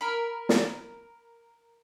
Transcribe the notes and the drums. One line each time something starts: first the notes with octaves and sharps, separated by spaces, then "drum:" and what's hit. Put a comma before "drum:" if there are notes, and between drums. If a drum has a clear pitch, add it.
A#4 B5
drum: snare